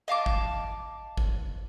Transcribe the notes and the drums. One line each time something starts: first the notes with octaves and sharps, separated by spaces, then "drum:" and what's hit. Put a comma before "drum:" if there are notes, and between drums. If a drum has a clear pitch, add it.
D#5 F5 A5 D6
drum: kick G#1
drum: kick G#1